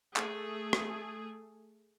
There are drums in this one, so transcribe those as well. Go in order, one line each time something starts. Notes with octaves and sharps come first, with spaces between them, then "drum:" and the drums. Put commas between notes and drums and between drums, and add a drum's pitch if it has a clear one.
A3 G#4, drum: clap
drum: rim click